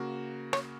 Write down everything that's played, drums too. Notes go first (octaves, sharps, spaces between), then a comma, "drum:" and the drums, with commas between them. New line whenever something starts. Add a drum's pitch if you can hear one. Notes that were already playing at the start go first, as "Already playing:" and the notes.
Already playing: C#3 A#3 F#4
C#5, drum: rim click